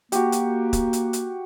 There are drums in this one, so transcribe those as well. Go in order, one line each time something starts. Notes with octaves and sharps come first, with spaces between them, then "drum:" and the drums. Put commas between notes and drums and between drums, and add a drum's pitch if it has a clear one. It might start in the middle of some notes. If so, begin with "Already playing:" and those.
A#3 F#4 G4, drum: hi-hat
drum: hi-hat
drum: kick, hi-hat
drum: hi-hat
drum: hi-hat